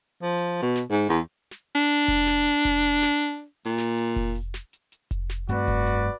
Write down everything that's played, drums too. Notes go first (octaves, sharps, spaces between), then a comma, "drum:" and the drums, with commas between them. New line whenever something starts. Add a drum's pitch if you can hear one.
F3
drum: hi-hat
B2
drum: snare
G#2
E2
drum: snare
D4
drum: hi-hat
drum: kick F1, hi-hat
drum: snare
drum: hi-hat
drum: kick F1, open hi-hat
drum: hi-hat
drum: snare
drum: hi-hat
A#2
drum: snare
drum: hi-hat
drum: kick F1, open hi-hat
drum: hi-hat
drum: snare
drum: hi-hat
drum: hi-hat
drum: kick F1, hi-hat
drum: snare
G2 A3 C4 F#4 B4 D5, drum: hi-hat
drum: kick F1, open hi-hat
drum: hi-hat